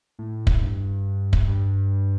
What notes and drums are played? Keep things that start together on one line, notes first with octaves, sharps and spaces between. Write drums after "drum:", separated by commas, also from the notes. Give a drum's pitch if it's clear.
A2
drum: kick
G2
drum: kick
G2